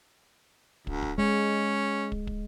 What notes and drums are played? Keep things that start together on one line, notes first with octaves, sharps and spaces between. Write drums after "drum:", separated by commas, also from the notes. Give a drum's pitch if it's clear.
D2, drum: kick
drum: kick
G#3 C#4
drum: kick
drum: kick